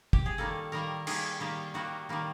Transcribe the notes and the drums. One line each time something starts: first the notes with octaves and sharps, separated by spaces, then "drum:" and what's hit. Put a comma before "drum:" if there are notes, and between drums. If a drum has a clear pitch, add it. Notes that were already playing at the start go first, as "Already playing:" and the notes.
G4, drum: kick
G#4
D#3 G3 A#3 A4
D#3 G3 A#3 A#4
D#3 G3 A#3 G#4, drum: cymbal
D#3 G3 A#3 G4
D#3 G3 A#3 F#4
D#3 G3 A#3